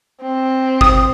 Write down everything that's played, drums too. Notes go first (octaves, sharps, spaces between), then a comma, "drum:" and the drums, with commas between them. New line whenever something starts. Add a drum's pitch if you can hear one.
C4
D#6, drum: kick G#1